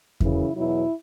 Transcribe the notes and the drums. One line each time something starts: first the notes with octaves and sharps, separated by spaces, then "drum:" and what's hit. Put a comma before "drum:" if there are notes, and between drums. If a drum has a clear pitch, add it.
F#2 C#3 E3 E4, drum: kick E2
E2 B2 F#3 E4